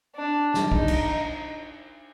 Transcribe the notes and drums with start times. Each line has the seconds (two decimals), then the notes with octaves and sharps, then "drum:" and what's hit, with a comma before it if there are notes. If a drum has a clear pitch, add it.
0.16 D4
0.54 drum: snare
0.72 D#4, drum: kick
0.88 drum: cymbal